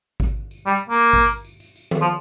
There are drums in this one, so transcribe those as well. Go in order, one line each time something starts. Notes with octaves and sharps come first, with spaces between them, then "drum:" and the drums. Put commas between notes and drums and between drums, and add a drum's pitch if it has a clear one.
drum: kick G#1, tambourine
drum: tambourine
G3, drum: tambourine
A#3
drum: kick G#1, tambourine
drum: tambourine
drum: tambourine
drum: tambourine
drum: tambourine
drum: tom D#3
F3